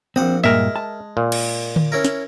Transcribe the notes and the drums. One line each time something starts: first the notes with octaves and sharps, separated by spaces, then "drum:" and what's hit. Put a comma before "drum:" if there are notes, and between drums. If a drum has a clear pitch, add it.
A#1 C4 F#5 D#6
G2 A#2 G#3 A#3 A#4 E5
A5
A#2
drum: cymbal
drum: tom D3
C#4 E4 A#4
drum: snare